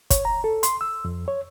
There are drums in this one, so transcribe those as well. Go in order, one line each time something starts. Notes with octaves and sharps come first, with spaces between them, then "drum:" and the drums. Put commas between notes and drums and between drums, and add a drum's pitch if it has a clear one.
C#5, drum: kick, hi-hat
A#5
A4
C6, drum: hi-hat
E6
F2
C#5